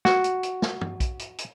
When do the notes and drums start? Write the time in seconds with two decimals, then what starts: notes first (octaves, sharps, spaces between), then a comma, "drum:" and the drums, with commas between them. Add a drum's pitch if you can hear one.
0.05 F#4, drum: snare
0.24 drum: hi-hat
0.43 drum: hi-hat
0.62 drum: snare
0.81 drum: tom
1.00 drum: kick A#1, hi-hat
1.19 drum: hi-hat
1.38 drum: hi-hat